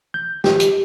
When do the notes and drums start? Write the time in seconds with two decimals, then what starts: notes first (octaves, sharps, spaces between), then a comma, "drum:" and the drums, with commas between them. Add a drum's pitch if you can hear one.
0.14 G6
0.44 G4, drum: snare
0.60 drum: hi-hat